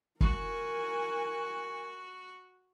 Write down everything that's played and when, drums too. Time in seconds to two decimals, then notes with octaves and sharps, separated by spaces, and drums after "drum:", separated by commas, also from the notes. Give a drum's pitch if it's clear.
0.21 F#4 A#4 G#5, drum: kick